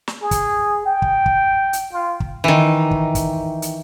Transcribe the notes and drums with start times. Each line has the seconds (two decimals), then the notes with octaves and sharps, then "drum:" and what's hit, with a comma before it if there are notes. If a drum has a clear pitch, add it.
0.08 drum: snare
0.22 G#4
0.31 drum: kick, hi-hat
0.86 G5
1.02 drum: kick
1.26 drum: kick
1.73 drum: hi-hat
1.92 F4
2.20 drum: kick
2.44 D#3 E3
2.91 drum: kick
3.15 drum: kick, hi-hat
3.62 drum: hi-hat